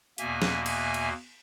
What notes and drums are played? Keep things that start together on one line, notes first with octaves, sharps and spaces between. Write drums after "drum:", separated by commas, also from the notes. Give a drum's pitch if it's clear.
E2 B2 A#3 E5 G#5, drum: hi-hat
drum: snare
E5 G#5, drum: cymbal
drum: cymbal